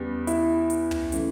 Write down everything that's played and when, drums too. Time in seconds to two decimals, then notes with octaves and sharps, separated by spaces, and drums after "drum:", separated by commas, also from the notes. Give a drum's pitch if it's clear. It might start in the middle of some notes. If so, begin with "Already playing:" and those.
Already playing: E2 C#3 G3 B3
0.27 E4, drum: hi-hat
0.70 drum: hi-hat
0.91 drum: tom
1.12 C#3 E3 A3, drum: hi-hat